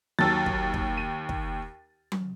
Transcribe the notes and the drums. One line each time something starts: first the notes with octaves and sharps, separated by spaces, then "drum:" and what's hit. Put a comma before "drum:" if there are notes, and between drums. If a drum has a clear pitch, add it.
D#2 F#3 A5 E6 A6
drum: kick
drum: kick
D#7
drum: kick
drum: tom F#3